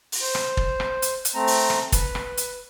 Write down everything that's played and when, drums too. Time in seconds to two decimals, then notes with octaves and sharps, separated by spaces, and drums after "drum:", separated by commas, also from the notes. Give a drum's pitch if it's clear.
0.12 drum: open hi-hat
0.21 C5
0.35 drum: rim click
0.57 drum: kick
0.80 drum: rim click
1.02 drum: hi-hat
1.25 drum: hi-hat
1.34 A3 C4 A#5
1.47 drum: open hi-hat
1.70 drum: rim click
1.92 B4, drum: kick, hi-hat
2.15 drum: rim click
2.37 drum: hi-hat